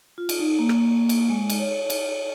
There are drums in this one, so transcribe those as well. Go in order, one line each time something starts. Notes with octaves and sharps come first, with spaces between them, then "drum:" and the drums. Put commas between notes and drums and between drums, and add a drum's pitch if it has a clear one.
F4
drum: cymbal
D#4
A#3
drum: rim click
drum: cymbal
G#3
drum: cymbal
C#5
drum: cymbal